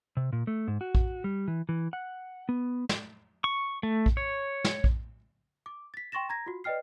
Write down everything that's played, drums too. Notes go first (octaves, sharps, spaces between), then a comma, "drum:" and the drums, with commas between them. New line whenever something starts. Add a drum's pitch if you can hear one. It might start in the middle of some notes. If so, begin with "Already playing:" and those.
C3
A#2
A3
G#2
F#4
drum: kick A#1
G3
E3
E3
F#5
B3
drum: snare
C#6
A3
drum: kick A#1
C#5
drum: snare
drum: kick A#1
D6
A6 B6
G5 C6 C#6 A6 A#6 E7
A#5 G#6 A#6
F4 F#4
B4 D5 D#5 G5 F6 C7